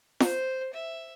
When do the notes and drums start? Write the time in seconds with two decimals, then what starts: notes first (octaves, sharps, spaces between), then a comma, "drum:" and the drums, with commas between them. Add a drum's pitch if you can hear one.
0.20 C5, drum: snare
0.73 E5